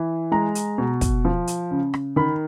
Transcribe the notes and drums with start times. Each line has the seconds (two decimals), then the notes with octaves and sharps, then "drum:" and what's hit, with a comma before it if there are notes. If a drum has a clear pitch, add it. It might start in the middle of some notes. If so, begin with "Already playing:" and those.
Already playing: E3
0.32 G#3 A#5
0.55 drum: hi-hat
0.78 B2
1.01 drum: kick, hi-hat
1.25 F3
1.47 drum: hi-hat
1.71 C#3
1.94 drum: rim click
2.16 D#3 B5